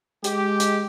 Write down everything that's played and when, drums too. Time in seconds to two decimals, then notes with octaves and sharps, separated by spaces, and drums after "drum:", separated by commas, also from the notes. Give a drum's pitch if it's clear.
0.24 G#3 G4, drum: hi-hat
0.60 drum: hi-hat